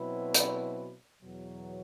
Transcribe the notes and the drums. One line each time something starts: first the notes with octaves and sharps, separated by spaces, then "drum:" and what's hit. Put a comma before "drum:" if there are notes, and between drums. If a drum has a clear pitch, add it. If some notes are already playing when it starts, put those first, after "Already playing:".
Already playing: B2 F#3 C4 E4 B4
drum: hi-hat
E2 B2 F#3